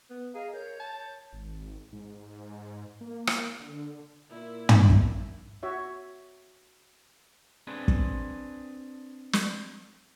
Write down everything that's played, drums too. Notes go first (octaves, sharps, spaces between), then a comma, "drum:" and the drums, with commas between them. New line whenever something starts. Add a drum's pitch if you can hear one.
B3
G#4 D#5 F5 A#5
A#4 C#5 G6
A5
G#1
G#2
A#3
drum: rim click
D3
A#2 A#3 E4
drum: tom
drum: kick
F#4 C#5 E5
C4 D4 G#4 B4
drum: kick
drum: snare